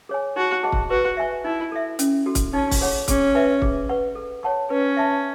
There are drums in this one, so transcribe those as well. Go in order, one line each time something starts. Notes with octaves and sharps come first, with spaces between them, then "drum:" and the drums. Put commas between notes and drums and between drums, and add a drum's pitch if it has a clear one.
G#4 C#5 G#5
D#4 F#4
G#4 D#5 F#5 A5
drum: kick
F#4 B4
E5 G#5 C#6
D#4 E4
A4 E5
C#4, drum: hi-hat
F#4 A4
drum: kick, hi-hat
C#4 D#4
drum: kick, open hi-hat
G#4 C#5 F#5 C#6
C#4 G#4, drum: kick, hi-hat
B4 E5 G#5 C#6
G#4, drum: kick
B4 F#5 C#6
A4
C#5 F#5 A5 C#6
C#4 B4
E5 A5 C#6